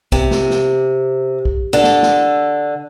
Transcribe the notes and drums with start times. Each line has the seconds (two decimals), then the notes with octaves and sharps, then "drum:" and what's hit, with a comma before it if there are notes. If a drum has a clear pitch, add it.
0.12 C3, drum: kick
0.31 drum: snare
0.50 drum: snare
1.45 drum: kick
1.73 D3 A4
1.83 drum: snare
2.03 drum: snare